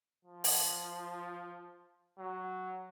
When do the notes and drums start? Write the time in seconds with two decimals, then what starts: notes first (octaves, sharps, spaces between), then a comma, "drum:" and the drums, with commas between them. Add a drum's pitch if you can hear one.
0.25 F3
0.44 drum: open hi-hat
2.19 F#3